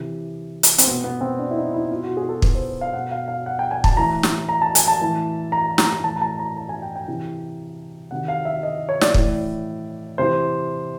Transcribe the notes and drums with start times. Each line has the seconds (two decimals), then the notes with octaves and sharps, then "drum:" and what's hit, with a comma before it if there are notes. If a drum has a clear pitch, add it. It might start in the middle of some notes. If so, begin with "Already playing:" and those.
Already playing: C3 E3
0.63 drum: hi-hat
0.78 C4, drum: hi-hat
0.87 B2 B3
1.04 B3
1.21 C4
1.39 D4
1.51 E4
1.57 D#4
1.74 E4
1.91 B2 F4
2.04 F#4
2.17 G#4
2.29 A4
2.42 B4, drum: kick
2.55 C5
2.81 F5
2.93 B2 F#5
3.11 F5
3.28 F5
3.46 F#5
3.59 G5
3.71 G#5
3.84 A5, drum: kick
3.97 A2 E3 A#5
4.23 drum: snare
4.49 A#5
4.62 A5
4.75 G#5, drum: hi-hat
4.88 A5
5.02 A2 E3
5.52 A#5
5.78 A#5, drum: snare
6.04 A2 E3 A5
6.16 A#5
6.22 A5
6.39 A#5
6.57 A5
6.69 G#5
6.82 G5
6.96 G5
7.08 C3 E3
8.11 C3 D#3 F#5
8.28 F5
8.45 E5
8.63 D#5
8.89 C#5
9.01 D5, drum: snare
9.14 A2 E3 D5, drum: kick
10.18 C3 E3 C5